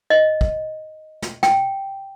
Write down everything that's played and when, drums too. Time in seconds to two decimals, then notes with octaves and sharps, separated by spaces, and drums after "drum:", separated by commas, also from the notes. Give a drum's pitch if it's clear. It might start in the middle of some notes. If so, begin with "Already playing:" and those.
0.10 D#5
0.41 drum: kick
1.22 drum: snare
1.43 G5, drum: snare